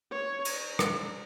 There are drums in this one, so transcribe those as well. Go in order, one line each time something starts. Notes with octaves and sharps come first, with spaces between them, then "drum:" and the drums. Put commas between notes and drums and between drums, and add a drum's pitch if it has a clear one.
C#5
drum: cymbal
drum: rim click